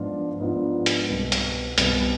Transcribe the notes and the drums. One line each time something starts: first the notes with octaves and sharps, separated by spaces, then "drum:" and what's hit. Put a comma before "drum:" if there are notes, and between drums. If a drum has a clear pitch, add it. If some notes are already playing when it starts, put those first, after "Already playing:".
Already playing: G#2 F3 B3 D4 F4
G#2 F3 B3 D4 F4
drum: hi-hat
C2 B2 B3
drum: hi-hat
C2 B2 B3, drum: hi-hat